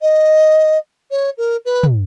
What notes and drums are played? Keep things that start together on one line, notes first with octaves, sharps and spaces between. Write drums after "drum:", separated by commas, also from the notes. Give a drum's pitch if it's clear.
D#5
C#5
A#4
B4
drum: tom